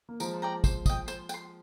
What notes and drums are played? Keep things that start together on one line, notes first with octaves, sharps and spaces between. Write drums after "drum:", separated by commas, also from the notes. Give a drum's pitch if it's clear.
A#3
F3 G#3 A#4, drum: tambourine
D5 G5 A#5
C5, drum: kick, tambourine
D#5 G5, drum: kick, tambourine
C5, drum: tambourine
G5, drum: tambourine
C6